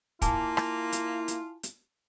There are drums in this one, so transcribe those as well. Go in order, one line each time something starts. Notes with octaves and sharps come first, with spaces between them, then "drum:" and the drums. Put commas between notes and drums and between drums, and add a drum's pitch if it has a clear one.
A#3 E4 F4 G#5 A5 D6, drum: kick, hi-hat
drum: rim click
drum: hi-hat
drum: hi-hat
drum: hi-hat